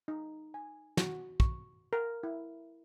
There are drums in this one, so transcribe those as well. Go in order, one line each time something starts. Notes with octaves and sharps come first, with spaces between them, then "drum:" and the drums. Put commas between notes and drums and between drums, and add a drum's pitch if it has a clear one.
D#4
G#5
F#4, drum: snare
C#6, drum: kick
A#4
E4